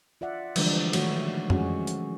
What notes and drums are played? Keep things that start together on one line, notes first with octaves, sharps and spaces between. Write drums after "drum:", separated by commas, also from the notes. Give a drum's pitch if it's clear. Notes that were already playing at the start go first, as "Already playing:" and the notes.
F4 D5 E5 F#5
D3 E3 F3 G3 G#3 D4, drum: cymbal
D#3 A3 F#4 C#5, drum: cymbal
F3 G#3 C#4 F#4 G#4, drum: tom F2
drum: hi-hat